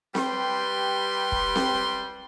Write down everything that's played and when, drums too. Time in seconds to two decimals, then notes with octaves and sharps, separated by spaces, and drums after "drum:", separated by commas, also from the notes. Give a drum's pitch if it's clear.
0.15 G3 G4 B4 G5 C6, drum: snare C4
1.32 drum: kick
1.56 drum: snare C4